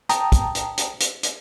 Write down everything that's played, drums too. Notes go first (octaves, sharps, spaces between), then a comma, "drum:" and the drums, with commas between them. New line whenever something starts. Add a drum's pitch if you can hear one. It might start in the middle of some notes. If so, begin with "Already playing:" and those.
G5 A5 A#5 D#6, drum: hi-hat
drum: kick, hi-hat
drum: hi-hat
drum: hi-hat
drum: hi-hat
drum: hi-hat